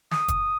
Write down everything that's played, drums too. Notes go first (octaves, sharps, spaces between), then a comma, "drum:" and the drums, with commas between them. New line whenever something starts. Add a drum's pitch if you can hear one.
D#6, drum: snare
drum: kick, hi-hat